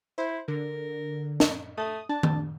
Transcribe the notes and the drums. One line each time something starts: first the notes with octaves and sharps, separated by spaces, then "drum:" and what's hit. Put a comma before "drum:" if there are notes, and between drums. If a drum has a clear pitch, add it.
E4 C5
D3 A#4
drum: snare
A3 D#6
D4 A5
drum: tom D#3